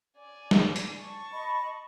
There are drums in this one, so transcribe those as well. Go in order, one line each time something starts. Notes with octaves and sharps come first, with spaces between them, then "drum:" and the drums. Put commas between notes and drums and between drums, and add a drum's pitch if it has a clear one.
D5 G#5
drum: snare
drum: hi-hat
A5 C#6
D#5 B5